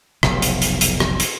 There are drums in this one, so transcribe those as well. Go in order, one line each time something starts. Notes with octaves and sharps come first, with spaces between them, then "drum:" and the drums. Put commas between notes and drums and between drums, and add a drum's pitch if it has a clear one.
F1 B1 A2, drum: rim click
drum: hi-hat
drum: hi-hat
drum: hi-hat
drum: rim click
drum: hi-hat